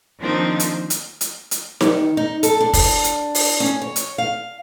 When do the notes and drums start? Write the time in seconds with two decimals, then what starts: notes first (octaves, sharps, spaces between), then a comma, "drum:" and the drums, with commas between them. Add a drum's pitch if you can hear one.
0.19 D#3 F3 A#3 C4 D4 D#4
0.60 drum: hi-hat
0.90 drum: hi-hat
1.21 drum: hi-hat
1.51 drum: hi-hat
1.81 D#3, drum: snare D#4
2.17 D#4
2.43 A4, drum: hi-hat
2.60 D4
2.73 drum: kick, open hi-hat
3.04 drum: hi-hat
3.35 drum: open hi-hat
3.60 C#4
3.82 C#5
3.96 drum: hi-hat
4.18 F5